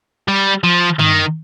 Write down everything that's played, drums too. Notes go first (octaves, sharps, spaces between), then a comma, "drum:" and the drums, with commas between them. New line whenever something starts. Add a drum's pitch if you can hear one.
G3
F3
D#3, drum: tom